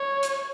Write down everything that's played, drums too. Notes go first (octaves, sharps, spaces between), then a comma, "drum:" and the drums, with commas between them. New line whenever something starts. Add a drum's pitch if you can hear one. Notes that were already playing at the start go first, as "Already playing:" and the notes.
Already playing: C#5
drum: hi-hat